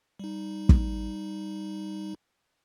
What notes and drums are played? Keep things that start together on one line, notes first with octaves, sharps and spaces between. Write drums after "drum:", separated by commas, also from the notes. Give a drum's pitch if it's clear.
G3 D#4
drum: kick